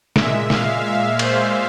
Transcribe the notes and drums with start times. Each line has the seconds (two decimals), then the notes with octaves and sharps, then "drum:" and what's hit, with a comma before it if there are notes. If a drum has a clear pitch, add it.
0.16 A#2 G#3 E5, drum: snare
0.50 F5, drum: snare
0.85 E5
1.19 C5, drum: cymbal